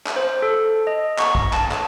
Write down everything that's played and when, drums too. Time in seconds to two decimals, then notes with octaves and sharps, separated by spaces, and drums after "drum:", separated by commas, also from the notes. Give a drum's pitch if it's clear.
0.06 drum: clap
0.16 C5
0.42 A4
0.87 D#5
1.19 C#6, drum: clap
1.35 drum: kick
1.53 A5, drum: clap
1.72 drum: clap